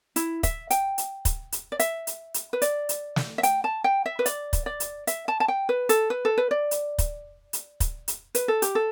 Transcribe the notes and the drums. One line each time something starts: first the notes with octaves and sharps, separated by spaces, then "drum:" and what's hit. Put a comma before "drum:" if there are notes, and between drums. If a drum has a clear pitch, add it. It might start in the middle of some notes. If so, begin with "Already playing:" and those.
E4, drum: hi-hat
E5, drum: kick, hi-hat
G5, drum: hi-hat
drum: hi-hat
drum: kick, hi-hat
drum: hi-hat
D5
E5, drum: hi-hat
drum: hi-hat
drum: hi-hat
B4
D5, drum: hi-hat
drum: hi-hat
drum: snare
E5
G5, drum: hi-hat
A5
G5
E5
B4
D5, drum: hi-hat
drum: kick, hi-hat
D5
drum: hi-hat
E5, drum: hi-hat
A5
A5
G5
B4
A4, drum: hi-hat
B4
A4
B4
D5
drum: hi-hat
drum: kick, hi-hat
drum: hi-hat
drum: kick, hi-hat
drum: hi-hat
B4, drum: hi-hat
A4
G4, drum: hi-hat
A4